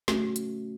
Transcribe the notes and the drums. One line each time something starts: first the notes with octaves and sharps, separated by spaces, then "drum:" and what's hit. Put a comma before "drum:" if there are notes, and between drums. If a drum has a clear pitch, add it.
A3 C#4 F#4, drum: snare
drum: hi-hat